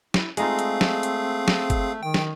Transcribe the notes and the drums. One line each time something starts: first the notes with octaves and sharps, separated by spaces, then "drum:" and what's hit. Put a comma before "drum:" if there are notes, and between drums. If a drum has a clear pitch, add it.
E4, drum: snare
G#3 A3 C4 D#4 F4 G#4 F5, drum: hi-hat
drum: hi-hat
drum: snare
drum: hi-hat
drum: snare
drum: kick G1, hi-hat
D#3 G5
drum: snare